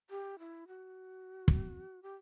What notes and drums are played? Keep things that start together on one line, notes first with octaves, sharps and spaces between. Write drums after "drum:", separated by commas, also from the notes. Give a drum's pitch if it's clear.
G4
E4
F#4
drum: kick
G4